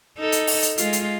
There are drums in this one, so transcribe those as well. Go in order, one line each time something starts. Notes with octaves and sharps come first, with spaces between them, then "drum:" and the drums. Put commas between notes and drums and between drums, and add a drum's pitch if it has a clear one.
D#4 A4
drum: hi-hat
drum: open hi-hat
drum: hi-hat
G#3 F4, drum: hi-hat
drum: hi-hat